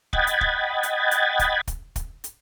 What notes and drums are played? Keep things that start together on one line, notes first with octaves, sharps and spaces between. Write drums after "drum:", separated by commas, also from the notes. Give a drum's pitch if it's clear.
D#5 F#5 G5 B5 G#6 A6, drum: kick
drum: hi-hat
drum: kick
drum: hi-hat
drum: hi-hat
drum: kick, hi-hat
drum: kick, hi-hat
drum: kick, hi-hat
drum: hi-hat